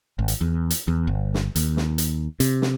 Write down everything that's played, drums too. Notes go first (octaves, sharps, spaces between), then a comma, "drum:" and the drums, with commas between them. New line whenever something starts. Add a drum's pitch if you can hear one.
G#1
drum: hi-hat
E2
drum: hi-hat
E2
G1
drum: snare
D#2, drum: hi-hat
drum: snare
drum: hi-hat
C3, drum: hi-hat
drum: snare